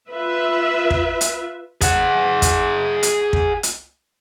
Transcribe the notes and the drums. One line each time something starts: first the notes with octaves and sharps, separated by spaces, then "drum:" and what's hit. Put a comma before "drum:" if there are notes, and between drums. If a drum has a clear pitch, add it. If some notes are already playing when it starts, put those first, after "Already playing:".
F4 B4 E5
drum: kick
drum: hi-hat
G#4 F#5, drum: kick, hi-hat
drum: kick, hi-hat
drum: hi-hat
drum: kick
drum: hi-hat